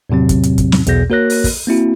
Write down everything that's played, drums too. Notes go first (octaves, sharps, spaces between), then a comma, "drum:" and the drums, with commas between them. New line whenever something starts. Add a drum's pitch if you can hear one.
E2 A2 C3 F#3 C4
drum: kick, hi-hat
drum: hi-hat
drum: kick, hi-hat
drum: snare
B1 E2 B2 G#4 G6 A#6, drum: hi-hat
A#3 F#4 A#4 C#5 F#6 A#6
drum: open hi-hat
drum: kick, open hi-hat
A#3 C4 E4 F#4